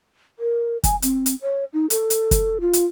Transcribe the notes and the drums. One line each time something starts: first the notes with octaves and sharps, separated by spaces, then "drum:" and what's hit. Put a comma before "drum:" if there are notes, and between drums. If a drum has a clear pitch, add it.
A#4
G#5, drum: kick, hi-hat
C4, drum: hi-hat
drum: hi-hat
C#5
D#4
A4, drum: hi-hat
drum: hi-hat
drum: kick, hi-hat
F4
drum: hi-hat